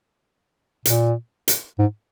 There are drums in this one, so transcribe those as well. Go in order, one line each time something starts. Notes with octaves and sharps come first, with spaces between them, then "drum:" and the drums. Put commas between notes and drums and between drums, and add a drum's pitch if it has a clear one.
A#2, drum: hi-hat
drum: hi-hat
G#2